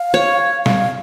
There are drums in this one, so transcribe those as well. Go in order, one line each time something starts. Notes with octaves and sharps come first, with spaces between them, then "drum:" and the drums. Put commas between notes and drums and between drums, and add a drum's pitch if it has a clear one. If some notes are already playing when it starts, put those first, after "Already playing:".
Already playing: F5
C#5
F5, drum: snare